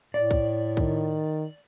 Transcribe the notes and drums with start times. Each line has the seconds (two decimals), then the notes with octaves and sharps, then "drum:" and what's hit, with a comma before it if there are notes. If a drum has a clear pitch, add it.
0.14 A2 D5
0.31 drum: kick
0.77 D#3, drum: kick